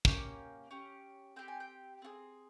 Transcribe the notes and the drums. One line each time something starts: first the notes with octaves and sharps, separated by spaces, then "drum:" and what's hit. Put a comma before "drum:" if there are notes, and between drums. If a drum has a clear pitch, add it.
A#3 C#4 G4 G#5, drum: kick
C#4 G4
C4 G4 G5
G#5
G5
C4 F4 G#4